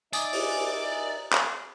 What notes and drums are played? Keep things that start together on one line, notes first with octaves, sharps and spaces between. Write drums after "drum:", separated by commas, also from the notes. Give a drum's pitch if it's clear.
D#4 D5 E5 G#5 D#6 A6, drum: tambourine
drum: open hi-hat
drum: clap